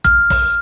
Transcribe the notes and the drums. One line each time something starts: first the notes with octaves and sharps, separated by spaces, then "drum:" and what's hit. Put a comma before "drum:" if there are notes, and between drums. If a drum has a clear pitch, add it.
F6, drum: kick, hi-hat
drum: kick, open hi-hat